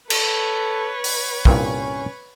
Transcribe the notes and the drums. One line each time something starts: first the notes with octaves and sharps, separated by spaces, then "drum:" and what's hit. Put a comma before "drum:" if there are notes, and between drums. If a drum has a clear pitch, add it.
A4 B4 C#5, drum: cymbal
drum: open hi-hat
C2 G2 A#2 C#4, drum: kick